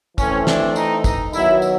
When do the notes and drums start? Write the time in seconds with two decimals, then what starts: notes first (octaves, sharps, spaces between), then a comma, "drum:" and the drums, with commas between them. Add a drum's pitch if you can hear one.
0.18 E3 A3 C4 C#4, drum: kick, tambourine
0.47 D4, drum: snare
0.76 D#4, drum: tambourine
1.04 D#4, drum: kick, tambourine
1.33 D#3 F#3 B3 E4, drum: tambourine
1.62 drum: tambourine